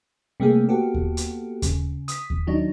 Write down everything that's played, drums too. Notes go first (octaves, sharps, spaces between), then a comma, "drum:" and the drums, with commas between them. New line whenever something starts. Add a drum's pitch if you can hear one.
C3 G3 A3 A#3 C4 G#4
A#3 B3 F#4 G4 A4
drum: kick D#2
drum: hi-hat
C#3, drum: kick D#2, hi-hat
D#6 B6, drum: hi-hat
drum: kick D#2
D#3 F#3 D4 D#4